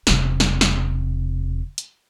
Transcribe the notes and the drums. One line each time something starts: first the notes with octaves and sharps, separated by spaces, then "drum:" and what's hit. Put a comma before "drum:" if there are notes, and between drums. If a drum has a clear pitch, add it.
E1 C3, drum: snare
drum: snare
drum: snare
drum: hi-hat